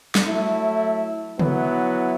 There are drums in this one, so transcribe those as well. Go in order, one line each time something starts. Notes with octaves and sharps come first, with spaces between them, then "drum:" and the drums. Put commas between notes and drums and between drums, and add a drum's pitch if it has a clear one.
drum: snare
F#3 A3 E4
F#3 B3 E4, drum: tom